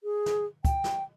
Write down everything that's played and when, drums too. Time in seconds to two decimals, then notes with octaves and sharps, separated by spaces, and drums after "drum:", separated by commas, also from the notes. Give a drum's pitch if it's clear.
0.04 G#4
0.26 drum: snare
0.65 G5, drum: kick, hi-hat
0.84 drum: snare